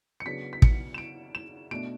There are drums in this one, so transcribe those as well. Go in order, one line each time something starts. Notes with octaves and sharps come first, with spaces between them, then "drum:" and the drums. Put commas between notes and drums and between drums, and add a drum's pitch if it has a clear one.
C#7
C#3 F#3 B3 D4 B6
B6
C#7, drum: kick
E7
D7
E7
B2 A3 D4 D7